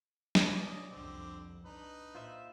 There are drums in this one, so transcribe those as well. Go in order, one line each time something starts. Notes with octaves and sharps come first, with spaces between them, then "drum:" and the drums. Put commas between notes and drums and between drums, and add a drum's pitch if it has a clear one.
drum: snare
C#4 D5 D#5
C2 F2 D3 C4 D6
D4 D#4 B4
A#2 F4 C5 E5